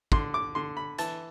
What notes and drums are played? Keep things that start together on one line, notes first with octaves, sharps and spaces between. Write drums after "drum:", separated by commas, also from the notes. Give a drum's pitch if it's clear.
D3 C6, drum: kick
D6
D3 C6
B5
E3 A5, drum: hi-hat